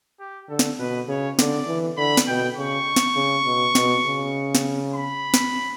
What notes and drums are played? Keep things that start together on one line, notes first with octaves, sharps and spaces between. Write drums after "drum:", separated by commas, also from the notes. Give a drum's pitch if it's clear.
G4
D3 A4
drum: snare
B2 B4
C#3 C#5
D3 D5, drum: snare
E3
D3 B5
drum: snare
B2 G5
C#3 C#6
drum: snare
C#3
B2
B2, drum: snare
C#3
drum: snare
B5
drum: snare